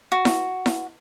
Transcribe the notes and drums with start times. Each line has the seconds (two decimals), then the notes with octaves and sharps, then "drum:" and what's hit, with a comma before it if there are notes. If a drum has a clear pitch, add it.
0.12 F#4
0.25 drum: snare E4
0.66 drum: snare E4